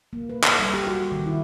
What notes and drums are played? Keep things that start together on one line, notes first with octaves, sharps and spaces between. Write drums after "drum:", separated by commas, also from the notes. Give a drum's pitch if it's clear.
A#3
B4
A4, drum: clap
G3
G4
F#4
D#3
E4